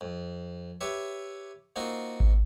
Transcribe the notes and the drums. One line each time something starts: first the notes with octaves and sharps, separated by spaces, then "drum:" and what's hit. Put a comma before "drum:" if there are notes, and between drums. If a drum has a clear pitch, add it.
F2
G4 B4 C#5 E5
A#3 C4 D#4 F4 F#4
drum: kick G#1